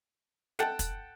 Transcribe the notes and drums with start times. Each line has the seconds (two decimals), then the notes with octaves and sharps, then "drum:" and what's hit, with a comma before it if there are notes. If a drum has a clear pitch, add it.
0.59 A4 F#5 G5 A5, drum: snare
0.79 drum: kick, hi-hat